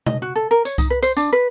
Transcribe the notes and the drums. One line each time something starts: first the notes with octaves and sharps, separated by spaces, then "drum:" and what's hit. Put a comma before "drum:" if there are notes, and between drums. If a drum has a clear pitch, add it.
D#5, drum: tom B2
F#4
A4
A#4
C#5, drum: tambourine
D#4, drum: kick C2, tambourine
B4
C5, drum: tambourine
D4, drum: tambourine
B4